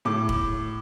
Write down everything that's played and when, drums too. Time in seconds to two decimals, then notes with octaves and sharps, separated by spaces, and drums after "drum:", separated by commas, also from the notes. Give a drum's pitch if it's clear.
0.05 A2 D6
0.29 drum: kick